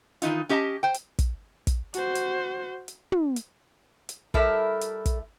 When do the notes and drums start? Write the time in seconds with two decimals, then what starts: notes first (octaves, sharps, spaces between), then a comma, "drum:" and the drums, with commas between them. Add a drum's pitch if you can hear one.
0.22 D#3 E3 D#4 F4, drum: hi-hat
0.49 C#4 G4 D#5 F#5 A5
0.83 C5 G5
0.94 drum: hi-hat
1.19 drum: kick, hi-hat
1.67 drum: kick, hi-hat
1.94 F#4 C5, drum: hi-hat
2.15 drum: hi-hat
2.88 drum: hi-hat
3.12 drum: tom
3.36 drum: hi-hat
4.09 drum: hi-hat
4.34 G3 A3 E4 A4 A#4 E5, drum: kick
4.81 drum: hi-hat
5.06 drum: kick, hi-hat